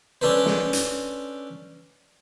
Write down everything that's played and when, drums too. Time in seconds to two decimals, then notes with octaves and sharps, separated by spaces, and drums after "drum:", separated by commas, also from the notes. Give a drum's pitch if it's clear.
0.21 C#4 D4 A4 B4 C5
0.46 drum: snare
0.73 drum: hi-hat